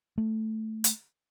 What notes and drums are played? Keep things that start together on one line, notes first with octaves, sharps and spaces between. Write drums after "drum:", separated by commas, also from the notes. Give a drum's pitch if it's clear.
A3
drum: hi-hat